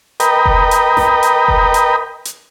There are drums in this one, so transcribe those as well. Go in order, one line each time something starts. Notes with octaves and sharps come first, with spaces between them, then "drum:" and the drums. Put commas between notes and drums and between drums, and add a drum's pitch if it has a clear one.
A#4 B4 D#5 G5, drum: hi-hat
drum: kick F1
drum: hi-hat
drum: snare A1
drum: hi-hat
drum: kick F1
drum: hi-hat
drum: hi-hat